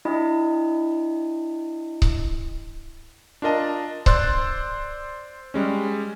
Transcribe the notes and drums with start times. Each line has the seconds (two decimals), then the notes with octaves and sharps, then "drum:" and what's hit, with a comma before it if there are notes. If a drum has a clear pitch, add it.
0.05 D4 E4 D#5 B5
2.02 drum: kick C#1
3.42 D4 F4 A#4 D#5 A5
4.06 C5 D5 C6 E6 F#6 A6, drum: kick C#1
5.54 G3 G#3 C#4